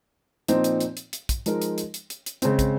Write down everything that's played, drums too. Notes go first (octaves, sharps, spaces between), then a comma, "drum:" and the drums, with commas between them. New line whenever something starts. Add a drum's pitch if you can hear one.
A#2 F3 C4 D#4, drum: hi-hat
drum: hi-hat
drum: hi-hat
drum: hi-hat
drum: hi-hat
drum: kick, hi-hat
F3 G#3 D#4 A#4, drum: hi-hat
drum: hi-hat
drum: hi-hat
drum: hi-hat
drum: hi-hat
drum: hi-hat
C#3 G#3 C4, drum: hi-hat
drum: kick, hi-hat